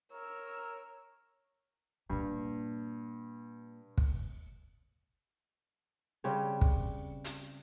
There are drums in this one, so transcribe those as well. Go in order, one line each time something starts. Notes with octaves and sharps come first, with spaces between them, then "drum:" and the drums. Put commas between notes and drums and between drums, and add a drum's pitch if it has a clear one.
A#4 C#5 E6
G2 A#2 A#3
drum: kick
C#3 G3 C4 C#5
drum: kick
drum: hi-hat